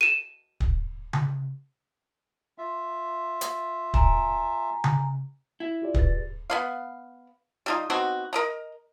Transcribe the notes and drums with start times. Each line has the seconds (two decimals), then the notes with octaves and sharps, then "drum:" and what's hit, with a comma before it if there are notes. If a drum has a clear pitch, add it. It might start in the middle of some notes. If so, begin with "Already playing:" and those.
0.01 D#7 E7
0.60 drum: kick
1.13 drum: tom C#3
2.58 F4 E5
3.41 drum: hi-hat
3.94 G#5 A#5, drum: kick
4.84 drum: tom C#3
5.60 E4
5.82 F4 G4 D5
5.94 G#4 B4 A6, drum: kick
6.50 B3 B4 F5
7.66 G3 D#4 F4
7.90 B3 C4 D#4 F#4
8.33 A#4 D#5 A#5